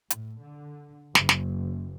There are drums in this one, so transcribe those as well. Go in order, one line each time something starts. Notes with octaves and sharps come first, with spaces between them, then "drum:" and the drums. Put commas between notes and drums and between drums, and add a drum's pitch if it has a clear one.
A2, drum: hi-hat
D3
F#1, drum: snare
drum: snare